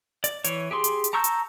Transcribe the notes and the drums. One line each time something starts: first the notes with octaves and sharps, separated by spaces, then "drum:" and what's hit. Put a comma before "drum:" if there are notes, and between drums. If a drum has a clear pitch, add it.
D5, drum: hi-hat
E3 C#5, drum: hi-hat
G4 G#4 C6
drum: hi-hat
drum: hi-hat
A5 A#5 C#6 E6 G6
drum: hi-hat